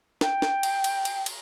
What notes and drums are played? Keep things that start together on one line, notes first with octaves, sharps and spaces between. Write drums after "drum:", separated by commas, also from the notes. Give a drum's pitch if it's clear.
G5, drum: snare
drum: snare
drum: cymbal
drum: cymbal
drum: cymbal
drum: cymbal